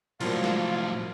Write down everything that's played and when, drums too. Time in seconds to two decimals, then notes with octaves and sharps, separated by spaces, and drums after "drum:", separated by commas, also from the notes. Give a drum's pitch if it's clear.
0.20 C2 A2 F3 F#3 A#3 F4 F5, drum: cymbal
0.44 drum: snare